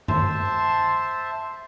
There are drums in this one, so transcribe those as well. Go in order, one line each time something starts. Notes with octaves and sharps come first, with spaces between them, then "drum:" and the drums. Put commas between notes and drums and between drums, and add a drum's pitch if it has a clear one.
C5 E5 A5 C6, drum: tom F#2